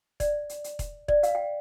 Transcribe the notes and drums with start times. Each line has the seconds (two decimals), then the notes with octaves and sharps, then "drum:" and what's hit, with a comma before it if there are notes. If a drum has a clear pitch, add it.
0.20 D5, drum: kick E1, hi-hat
0.49 drum: hi-hat
0.64 drum: hi-hat
0.79 drum: kick E1, hi-hat
1.08 D5, drum: kick E1
1.23 F5, drum: hi-hat
1.35 G5